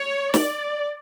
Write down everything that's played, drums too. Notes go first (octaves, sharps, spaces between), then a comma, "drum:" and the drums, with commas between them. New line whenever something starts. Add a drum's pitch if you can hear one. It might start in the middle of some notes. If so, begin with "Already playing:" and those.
Already playing: C#5
D5, drum: snare